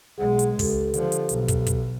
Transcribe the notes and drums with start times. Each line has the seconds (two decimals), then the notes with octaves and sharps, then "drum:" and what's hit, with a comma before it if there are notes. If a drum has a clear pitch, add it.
0.18 B1 G#3 G#4 F#5
0.39 drum: hi-hat
0.59 C#2 G4 A4, drum: kick, open hi-hat
0.94 D3 F3, drum: hi-hat
1.12 drum: hi-hat
1.29 B1, drum: hi-hat
1.48 drum: kick, hi-hat
1.67 drum: kick, hi-hat